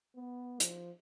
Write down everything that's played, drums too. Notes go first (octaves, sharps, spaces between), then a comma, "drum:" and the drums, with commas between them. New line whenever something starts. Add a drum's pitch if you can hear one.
B3
F3, drum: hi-hat